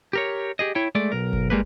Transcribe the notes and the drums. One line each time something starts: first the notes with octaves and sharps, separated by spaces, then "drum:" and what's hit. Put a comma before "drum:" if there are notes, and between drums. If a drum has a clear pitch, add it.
G4 A#4 C#5
G4 G#4 D#5
E4 C#5 G5
G#3 A3 D5
B1 A#4
drum: kick G1
G3 G#3 A#3 B4